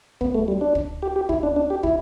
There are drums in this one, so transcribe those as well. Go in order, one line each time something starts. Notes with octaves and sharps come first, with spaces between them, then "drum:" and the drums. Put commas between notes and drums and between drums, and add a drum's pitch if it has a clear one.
B3, drum: kick
A3
G3
D4
drum: kick
G4
G4
E4, drum: kick
D4
D4
G4
E4, drum: kick